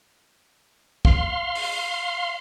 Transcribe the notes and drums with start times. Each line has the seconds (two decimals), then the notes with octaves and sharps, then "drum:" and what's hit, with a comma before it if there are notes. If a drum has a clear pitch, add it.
1.05 F5 C6, drum: kick
1.55 drum: open hi-hat